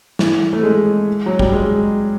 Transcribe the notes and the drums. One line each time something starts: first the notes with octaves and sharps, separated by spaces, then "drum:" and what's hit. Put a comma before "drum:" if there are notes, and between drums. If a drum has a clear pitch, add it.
E3, drum: snare
A3
G#3
F#3
G3, drum: kick
G#3